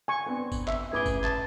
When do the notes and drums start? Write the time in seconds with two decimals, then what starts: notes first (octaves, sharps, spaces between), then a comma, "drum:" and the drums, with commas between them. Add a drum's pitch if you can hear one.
0.08 G#5 C#6
0.26 B3 C4 D4
0.52 drum: kick G1, tambourine
0.68 E5, drum: clap
0.93 A1 G#4 B4 B5 D6 G7
1.06 drum: kick G1, tambourine
1.24 A5, drum: clap